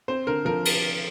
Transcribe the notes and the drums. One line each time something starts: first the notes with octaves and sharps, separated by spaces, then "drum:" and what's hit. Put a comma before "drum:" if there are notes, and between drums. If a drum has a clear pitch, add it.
C4 C5
D3 A#4
F3 A#4
drum: cymbal